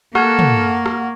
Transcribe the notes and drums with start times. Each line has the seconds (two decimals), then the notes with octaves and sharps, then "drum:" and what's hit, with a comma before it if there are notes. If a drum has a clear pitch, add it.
0.15 A#3 A4 F#5 C#6 F6 G#6, drum: rim click
0.39 drum: tom
0.86 drum: rim click